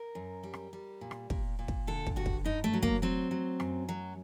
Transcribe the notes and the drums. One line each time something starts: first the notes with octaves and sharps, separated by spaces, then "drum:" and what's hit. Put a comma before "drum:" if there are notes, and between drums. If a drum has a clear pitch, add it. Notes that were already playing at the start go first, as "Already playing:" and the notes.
Already playing: A#4
F#2
G3
drum: rim click
G3
A#2
drum: rim click
A#2, drum: kick
A#2
drum: kick
D3 A4
drum: kick
G2 F#4
drum: kick
G2 D#4
A3
F#3
A#3, drum: kick
F#3 C4
F#3
F#2, drum: rim click
F#3